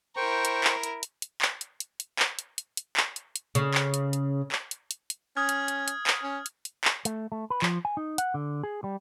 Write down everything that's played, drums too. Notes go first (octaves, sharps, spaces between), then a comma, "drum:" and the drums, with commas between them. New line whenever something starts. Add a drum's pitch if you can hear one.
E4 A#4 C5 G5 C#6
drum: hi-hat
drum: clap
drum: hi-hat
drum: hi-hat
drum: hi-hat
drum: clap
drum: hi-hat
drum: hi-hat
drum: hi-hat
drum: clap
drum: hi-hat
drum: hi-hat
drum: hi-hat
drum: clap
drum: hi-hat
drum: hi-hat
C#3, drum: hi-hat
drum: clap
drum: hi-hat
drum: hi-hat
drum: clap
drum: hi-hat
drum: hi-hat
drum: hi-hat
C#4 D#6 F6 G#6
drum: hi-hat
drum: hi-hat
drum: hi-hat
drum: clap
C#4
drum: hi-hat
drum: hi-hat
drum: clap
A3, drum: hi-hat
A3
B4
F3, drum: clap
G#5
D#4
F#5, drum: hi-hat
D3
G#4
G3